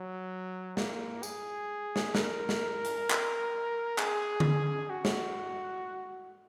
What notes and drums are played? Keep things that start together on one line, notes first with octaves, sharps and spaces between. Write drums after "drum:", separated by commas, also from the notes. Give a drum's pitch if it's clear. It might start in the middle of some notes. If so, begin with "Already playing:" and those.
Already playing: F#3
A#3, drum: snare
G#4, drum: tambourine
drum: snare
A#4, drum: snare
drum: snare
drum: hi-hat
drum: clap
G#4, drum: clap
drum: tom D3
F#4
drum: snare